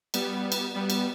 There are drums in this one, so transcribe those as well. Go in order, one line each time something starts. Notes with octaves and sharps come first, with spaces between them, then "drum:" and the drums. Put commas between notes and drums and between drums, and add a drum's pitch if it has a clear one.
G3 B3, drum: cymbal
drum: cymbal
G3 B3
drum: cymbal